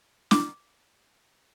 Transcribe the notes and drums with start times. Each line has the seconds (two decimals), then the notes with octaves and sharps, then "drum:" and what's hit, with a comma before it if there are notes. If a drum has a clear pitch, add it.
0.31 D6, drum: snare